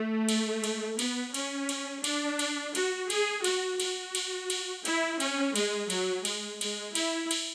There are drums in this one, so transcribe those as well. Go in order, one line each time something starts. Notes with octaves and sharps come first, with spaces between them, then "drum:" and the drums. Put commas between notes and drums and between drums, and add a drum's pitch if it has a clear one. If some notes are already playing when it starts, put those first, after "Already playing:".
Already playing: A3
drum: cymbal
drum: cymbal
B3, drum: cymbal
C#4, drum: cymbal
drum: cymbal
D4, drum: cymbal
drum: cymbal
F#4, drum: cymbal
G#4, drum: cymbal
F#4, drum: cymbal
F#4, drum: cymbal
drum: cymbal
drum: cymbal
E4, drum: cymbal
C#4, drum: cymbal
G#3, drum: cymbal
F#3, drum: cymbal
G#3, drum: cymbal
G#3, drum: cymbal
E4, drum: cymbal
drum: cymbal